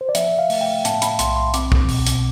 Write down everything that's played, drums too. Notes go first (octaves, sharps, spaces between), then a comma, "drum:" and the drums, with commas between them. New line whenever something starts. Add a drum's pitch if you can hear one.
C5
D5
F3 E5, drum: hi-hat
F5
A3, drum: open hi-hat
G5
A2 A5, drum: hi-hat
B5, drum: hi-hat
B1 C6, drum: hi-hat
C6
C4 D6, drum: hi-hat
drum: kick
B2, drum: open hi-hat
drum: hi-hat